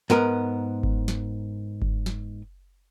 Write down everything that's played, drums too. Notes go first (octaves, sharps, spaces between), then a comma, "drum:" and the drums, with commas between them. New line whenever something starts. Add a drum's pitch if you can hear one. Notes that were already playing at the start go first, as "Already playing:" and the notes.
G#2 B3 A#4, drum: snare
drum: kick G1
drum: snare
drum: kick G1
drum: snare